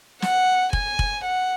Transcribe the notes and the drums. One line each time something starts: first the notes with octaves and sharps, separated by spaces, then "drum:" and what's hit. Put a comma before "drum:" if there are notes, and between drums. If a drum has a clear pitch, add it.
F#5, drum: snare
G#5, drum: kick F1
drum: kick F1
F#5